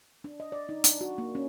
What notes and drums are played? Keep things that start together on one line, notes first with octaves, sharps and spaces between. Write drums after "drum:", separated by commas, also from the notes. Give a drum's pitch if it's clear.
D4
D#5
D5
D#4
D4, drum: hi-hat
F#4
A#3
C#4